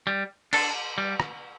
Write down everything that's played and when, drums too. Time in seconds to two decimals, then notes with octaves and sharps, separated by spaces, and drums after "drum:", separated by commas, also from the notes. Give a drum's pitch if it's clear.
0.07 G3
0.53 D4 A4, drum: cymbal
0.98 G3
1.20 drum: rim click